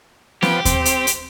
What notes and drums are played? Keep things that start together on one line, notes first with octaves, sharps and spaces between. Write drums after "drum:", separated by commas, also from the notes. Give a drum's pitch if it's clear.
F3 B3 G4, drum: snare
C4, drum: kick D#2, hi-hat
drum: hi-hat
drum: hi-hat